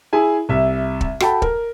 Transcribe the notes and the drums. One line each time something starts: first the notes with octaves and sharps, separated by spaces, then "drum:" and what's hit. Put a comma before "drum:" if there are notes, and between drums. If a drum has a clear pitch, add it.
E4 G#4 G#5
C2 E5
drum: kick
F#4 A4 G5 A5 B5, drum: rim click
A#4, drum: kick